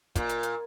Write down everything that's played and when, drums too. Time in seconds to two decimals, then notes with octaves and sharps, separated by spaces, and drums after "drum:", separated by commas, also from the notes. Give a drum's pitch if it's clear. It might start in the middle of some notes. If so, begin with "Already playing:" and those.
0.15 A#2, drum: kick, hi-hat
0.29 drum: hi-hat
0.43 drum: hi-hat